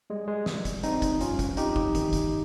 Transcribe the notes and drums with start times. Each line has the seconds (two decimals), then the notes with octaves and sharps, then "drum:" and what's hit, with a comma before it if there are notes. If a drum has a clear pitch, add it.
0.10 G3 G#3
0.28 G#3
0.46 G3, drum: snare
0.65 drum: kick, hi-hat
0.83 G3 C4 D#4, drum: hi-hat
1.02 drum: kick, hi-hat
1.21 F2 C#4 F4, drum: hi-hat
1.39 drum: kick, hi-hat
1.57 F2 D#4 G4, drum: hi-hat
1.76 drum: kick
1.95 D#3, drum: kick, hi-hat
2.13 drum: kick, hi-hat